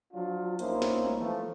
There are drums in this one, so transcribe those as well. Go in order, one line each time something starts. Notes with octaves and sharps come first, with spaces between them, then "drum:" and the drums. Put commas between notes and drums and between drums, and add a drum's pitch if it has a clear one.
F3 F#3 D4 F4
A#1 A#3 C#4 D#4 E4 C5, drum: hi-hat
drum: snare
drum: tom G3
E3 F3 A3